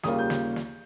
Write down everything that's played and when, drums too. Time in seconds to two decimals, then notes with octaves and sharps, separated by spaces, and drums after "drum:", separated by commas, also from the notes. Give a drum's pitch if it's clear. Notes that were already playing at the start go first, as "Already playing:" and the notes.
0.03 D#2 C#3 G3 A#3 F4 D#6, drum: snare
0.19 G6
0.30 drum: snare
0.56 drum: snare